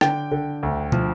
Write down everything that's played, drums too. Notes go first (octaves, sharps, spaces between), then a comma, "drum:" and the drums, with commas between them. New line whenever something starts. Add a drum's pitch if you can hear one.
D3 G5, drum: rim click
D3
D2
F3, drum: tom